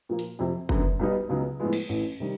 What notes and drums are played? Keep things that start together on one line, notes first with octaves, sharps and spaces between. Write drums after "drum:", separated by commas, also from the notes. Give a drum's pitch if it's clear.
A#2 F3 A#3
drum: open hi-hat
F2 C3 F3
F#2 D3 F#3 B3, drum: kick
B1 B2 G3 B3 D#4
C#2 C#3 F#3 B3 D#4
A2 F3 G#3 B3
drum: cymbal
A1 A2 E3
C3 D#3 G3